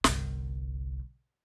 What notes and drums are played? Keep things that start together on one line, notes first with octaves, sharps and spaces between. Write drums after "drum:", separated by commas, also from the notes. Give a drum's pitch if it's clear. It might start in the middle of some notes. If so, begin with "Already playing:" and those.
G1 C2, drum: snare